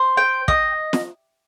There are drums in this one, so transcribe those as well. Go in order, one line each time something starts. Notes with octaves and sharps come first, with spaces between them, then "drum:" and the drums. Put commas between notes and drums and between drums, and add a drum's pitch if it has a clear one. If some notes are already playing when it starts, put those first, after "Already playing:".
Already playing: C5
G5
D#5, drum: kick
drum: snare